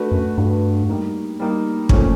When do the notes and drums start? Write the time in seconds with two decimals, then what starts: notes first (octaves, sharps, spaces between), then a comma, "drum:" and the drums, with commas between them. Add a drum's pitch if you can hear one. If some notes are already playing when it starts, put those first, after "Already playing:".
Already playing: A3 D4 F#4 B4
0.11 F#2
0.37 G2 A3 D4 F#4 B4
0.89 G3 A#3 D#4
1.40 G3 A#3 D#4
1.89 F#2 A#2 F3 A3 C#4, drum: kick